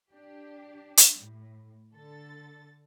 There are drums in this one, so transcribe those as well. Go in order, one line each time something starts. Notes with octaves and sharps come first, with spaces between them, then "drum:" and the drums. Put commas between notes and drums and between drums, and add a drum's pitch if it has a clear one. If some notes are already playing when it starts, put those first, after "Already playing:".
D4 G4
drum: hi-hat
A2
D3 A4 A6